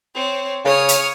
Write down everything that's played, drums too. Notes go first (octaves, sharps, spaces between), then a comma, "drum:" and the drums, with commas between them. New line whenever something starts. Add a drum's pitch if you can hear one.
C4 C#5
C#3 C#5 D#6 F6
drum: hi-hat